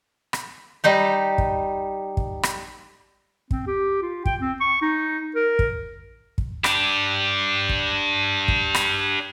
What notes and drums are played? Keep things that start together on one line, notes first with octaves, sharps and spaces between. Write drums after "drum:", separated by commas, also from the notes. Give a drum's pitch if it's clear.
drum: rim click
G3 D#4 G4
drum: kick
drum: kick
drum: rim click
C4, drum: kick
G4
F4
G5, drum: kick
C4
C#6
D#4
A#4
drum: kick
drum: kick
D4 G4, drum: rim click
drum: kick
drum: kick
drum: rim click